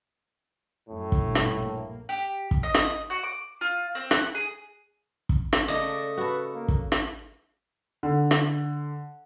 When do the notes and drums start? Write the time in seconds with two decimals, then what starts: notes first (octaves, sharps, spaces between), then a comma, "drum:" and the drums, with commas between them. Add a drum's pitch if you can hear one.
0.89 F#2 A2
1.12 drum: kick
1.22 A#1 G2 B2
1.35 drum: rim click
1.58 A#3
2.09 G4
2.51 drum: kick
2.63 D#5
2.74 drum: rim click
3.10 F#4
3.23 D6
3.61 F4
3.95 C4
4.11 F#5, drum: rim click
4.35 G#4
5.29 drum: kick
5.53 drum: rim click
5.68 C#3 A3 D5 D#5
6.18 F#4 A4 B4
6.54 A#3
6.68 drum: kick
6.92 drum: rim click
8.03 D3
8.31 drum: rim click